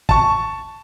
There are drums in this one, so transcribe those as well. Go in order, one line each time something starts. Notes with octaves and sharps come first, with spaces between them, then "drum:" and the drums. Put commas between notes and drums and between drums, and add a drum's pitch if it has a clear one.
A5 C#6, drum: kick